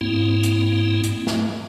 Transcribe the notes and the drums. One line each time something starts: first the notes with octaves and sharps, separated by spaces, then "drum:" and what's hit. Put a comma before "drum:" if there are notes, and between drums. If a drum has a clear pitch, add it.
G#2 A#3 C4 E4
drum: hi-hat
drum: hi-hat
drum: snare